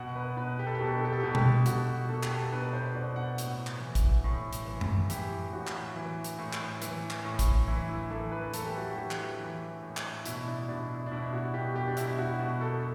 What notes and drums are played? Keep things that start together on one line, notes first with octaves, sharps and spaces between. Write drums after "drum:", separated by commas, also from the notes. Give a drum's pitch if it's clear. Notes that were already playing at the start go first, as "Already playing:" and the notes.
Already playing: B2 F#5
B4
B2 B4
G4
A4
G4
B2 A4
G4
A4
G4
A4
G4
B2 A4
G4, drum: tom B2
B2 F#4, drum: hi-hat
B2 A4
G4, drum: clap
A4
B2 B4
C5
B2 D5
F#5
A2, drum: hi-hat
drum: clap
E3
drum: kick A1, hi-hat
A2
drum: hi-hat
E3
drum: tom F#2
E3 G4, drum: hi-hat
A2 F#4
drum: clap
E3
drum: hi-hat
A2
drum: clap
E3, drum: hi-hat
drum: clap
A2
drum: kick A1, hi-hat
E3 E4
E4
E3 A4
B4
E3 A4, drum: hi-hat
G4
F#4
G4
E3
drum: clap
E3
A2
drum: clap
B2 E4, drum: hi-hat
D4
B2 D4
E4
D4
B2 E4
F#4
B2 G4
G4
D4
B2 E4, drum: hi-hat
F#4
B2
A4
A4